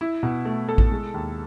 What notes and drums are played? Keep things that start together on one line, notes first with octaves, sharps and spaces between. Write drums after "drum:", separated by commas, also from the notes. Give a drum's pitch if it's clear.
E4
B2
A3
A4
drum: kick A1
G#3
D#2